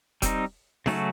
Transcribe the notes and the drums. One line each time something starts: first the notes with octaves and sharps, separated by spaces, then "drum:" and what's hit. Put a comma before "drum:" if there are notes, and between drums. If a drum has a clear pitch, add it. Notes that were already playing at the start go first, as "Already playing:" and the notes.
G3 C4 D#4, drum: kick E1, hi-hat
C#3 F#3 A3 C#4 F#4, drum: snare D#4